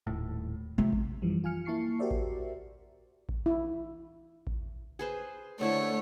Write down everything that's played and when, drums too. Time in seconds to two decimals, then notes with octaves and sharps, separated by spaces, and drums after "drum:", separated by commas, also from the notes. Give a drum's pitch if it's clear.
0.07 D#1 A2
0.78 C3 C4 F4
0.93 drum: kick A1
1.22 F#2 E3 F3 G3
1.44 F4 G#5 F6 C#7
1.65 A#3 E4 A5 C#6 C7 C#7
1.99 F#4 G4 A#4 C5 D5 E5
2.11 drum: kick A1
3.29 drum: kick A1
3.46 E4
4.47 drum: kick A1
4.99 G#4 B4 C5
5.61 D3 A3 E4 C5 C#5